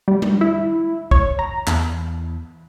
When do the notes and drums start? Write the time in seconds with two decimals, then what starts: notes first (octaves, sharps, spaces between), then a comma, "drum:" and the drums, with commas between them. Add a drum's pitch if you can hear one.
0.08 G3
0.22 drum: tom G3
0.41 E4
1.11 C#5, drum: kick
1.39 A#5
1.67 E2, drum: clap